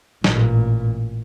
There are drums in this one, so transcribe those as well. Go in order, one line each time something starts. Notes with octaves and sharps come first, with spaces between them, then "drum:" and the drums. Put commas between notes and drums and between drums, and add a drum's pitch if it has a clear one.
A1 A#2, drum: snare